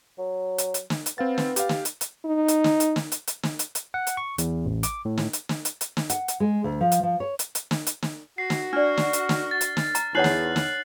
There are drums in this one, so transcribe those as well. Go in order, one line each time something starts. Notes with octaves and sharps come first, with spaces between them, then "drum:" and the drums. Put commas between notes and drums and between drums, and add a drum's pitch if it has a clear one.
F#3
drum: hi-hat
drum: hi-hat
drum: snare
drum: hi-hat
B3 C4 F5 A6
drum: snare
G4 F5, drum: hi-hat
drum: snare
drum: hi-hat
drum: hi-hat
D#4
drum: hi-hat
drum: snare
drum: hi-hat
drum: snare
drum: hi-hat
drum: hi-hat
drum: snare
drum: hi-hat
drum: hi-hat
F#5
drum: hi-hat
C#6
E2, drum: hi-hat
A1
D6, drum: hi-hat
A2
drum: snare
drum: hi-hat
drum: snare
drum: hi-hat
drum: hi-hat
drum: snare
F#5, drum: hi-hat
drum: hi-hat
G#3
D2
F3
drum: hi-hat
F3
C#5
drum: hi-hat
drum: hi-hat
drum: snare
drum: hi-hat
drum: snare
F#4 C7
drum: snare
D4 D5 F6
drum: snare
drum: hi-hat
drum: snare
A6
drum: hi-hat
drum: snare
A#5, drum: hi-hat
E2 D#4 C#5 F#5 F#6 C7 F#7
drum: snare
drum: snare